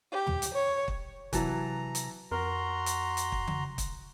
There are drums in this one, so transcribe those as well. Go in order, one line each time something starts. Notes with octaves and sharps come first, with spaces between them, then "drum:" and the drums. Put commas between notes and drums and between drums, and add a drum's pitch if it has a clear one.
G4
drum: tom
drum: hi-hat
C#5
drum: kick
C3 E3 F#3 A5 A#5, drum: kick, hi-hat
drum: hi-hat
F2 F#4 A#4 A#5 C6
drum: hi-hat
drum: hi-hat
drum: kick
drum: tom C#3
drum: kick, hi-hat